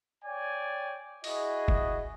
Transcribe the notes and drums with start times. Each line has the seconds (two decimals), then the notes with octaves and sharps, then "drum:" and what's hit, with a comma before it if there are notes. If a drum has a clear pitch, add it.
0.23 C#5 D5 G5 G#5
1.24 E4 F#4 G#4 D#5, drum: open hi-hat
1.68 drum: kick